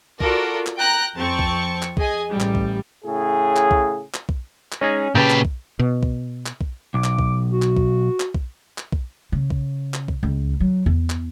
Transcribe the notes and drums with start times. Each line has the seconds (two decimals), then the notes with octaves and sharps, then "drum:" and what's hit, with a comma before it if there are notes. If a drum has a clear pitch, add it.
0.21 F4 F#4 A4 A#4 D5, drum: kick B1
0.66 drum: clap
0.77 G5 A#5 F#6
1.16 F2 C4 A5 C#6
1.39 drum: kick B1
1.82 drum: clap
1.97 G#4 D#5 G#5, drum: kick B1
2.31 A1 G3
2.40 drum: clap
2.55 drum: kick B1
3.05 A2 C#3 G#4
3.56 drum: clap
3.71 drum: kick B1
4.14 drum: clap
4.29 drum: kick B1
4.72 drum: clap
4.81 G#3 C#4 D#4 G#4
5.15 A#2 C#3 G4 B4 G5 A5
5.30 drum: clap
5.45 drum: kick B1
5.79 B2
6.03 drum: kick B1
6.46 drum: clap
6.61 drum: kick B1
6.94 B1 D6
7.04 drum: clap
7.19 drum: kick B1
7.50 F#4
7.62 drum: clap
7.77 drum: kick B1
8.20 drum: clap
8.35 drum: kick B1
8.78 drum: clap
8.92 drum: kick B1
9.32 C#3
9.50 drum: kick B1
9.94 drum: clap
10.08 drum: kick B1
10.23 C#2
10.60 F#3
10.86 E2
11.10 drum: clap